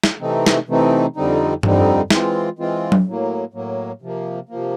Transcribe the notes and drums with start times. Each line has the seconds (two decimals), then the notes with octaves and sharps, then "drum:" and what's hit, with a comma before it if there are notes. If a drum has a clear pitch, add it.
0.04 drum: snare
0.20 C3 E3 A3 C4 D#4
0.46 drum: snare
0.68 C3 E3 A3 C4 D#4
1.16 F2 D3 G3 C4 D#4
1.63 F2 D3 G3 C4 D#4, drum: tom G2
2.10 E3 G#3 C4 F4, drum: snare
2.59 E3 G#3 C4 F4
2.92 drum: tom F#3
3.06 A2 F#3 A#3
3.53 A2 F#3 A#3
4.01 C3 F3 A#3
4.49 C3 F3 A#3